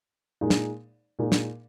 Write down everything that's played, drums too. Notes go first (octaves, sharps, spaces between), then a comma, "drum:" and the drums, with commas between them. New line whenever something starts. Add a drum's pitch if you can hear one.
A#2 G#3 D#4
drum: snare
A#2 G#3 D#4
drum: snare